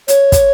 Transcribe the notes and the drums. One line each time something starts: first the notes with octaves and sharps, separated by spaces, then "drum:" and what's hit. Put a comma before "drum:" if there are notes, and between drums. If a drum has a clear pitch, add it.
C#5, drum: hi-hat
drum: kick, hi-hat